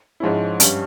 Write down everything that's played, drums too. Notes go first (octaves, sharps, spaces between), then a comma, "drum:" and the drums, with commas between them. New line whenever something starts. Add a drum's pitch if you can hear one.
G#2 F3 G#3 C#4 E4
G2 G3 C#4, drum: hi-hat